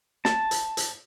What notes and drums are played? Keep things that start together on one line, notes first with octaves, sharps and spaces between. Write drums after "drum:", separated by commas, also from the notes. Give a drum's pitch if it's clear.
A5, drum: snare
drum: hi-hat
drum: hi-hat